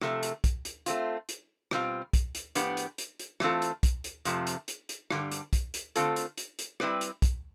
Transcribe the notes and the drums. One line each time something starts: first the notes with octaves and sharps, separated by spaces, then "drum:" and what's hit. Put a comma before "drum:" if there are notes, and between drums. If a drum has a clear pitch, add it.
C3 F3 A3, drum: rim click
drum: hi-hat
drum: kick, hi-hat
drum: hi-hat
A3 C4 F4, drum: hi-hat
drum: hi-hat
B2 G3 C4 F4, drum: rim click
drum: kick, hi-hat
drum: hi-hat
A2 F3 B3 D4 G4, drum: hi-hat
drum: hi-hat
drum: hi-hat
drum: hi-hat
E3 A3 C4 F4 A4, drum: rim click
drum: hi-hat
drum: kick, hi-hat
drum: hi-hat
F2 C3 F3 A3, drum: hi-hat
drum: hi-hat
drum: hi-hat
drum: hi-hat
G2 D3 G3, drum: rim click
drum: hi-hat
drum: kick, hi-hat
drum: hi-hat
D3 A3 C4 F4 A4, drum: hi-hat
drum: hi-hat
drum: hi-hat
drum: hi-hat
G3 C4 E4 B4 D5, drum: rim click
drum: hi-hat
drum: kick, hi-hat